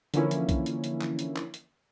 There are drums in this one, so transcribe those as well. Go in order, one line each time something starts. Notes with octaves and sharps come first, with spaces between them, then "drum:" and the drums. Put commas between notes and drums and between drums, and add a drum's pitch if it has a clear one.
D3 E3 F3 A#3 C#4 E4, drum: hi-hat
drum: hi-hat
drum: kick B1, hi-hat
drum: hi-hat
drum: hi-hat
drum: clap
drum: hi-hat
drum: clap
drum: hi-hat